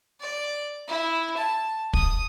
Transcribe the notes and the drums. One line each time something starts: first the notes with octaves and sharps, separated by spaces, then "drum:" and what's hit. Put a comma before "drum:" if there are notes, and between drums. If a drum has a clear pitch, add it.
D5
E4
A5
D#6, drum: kick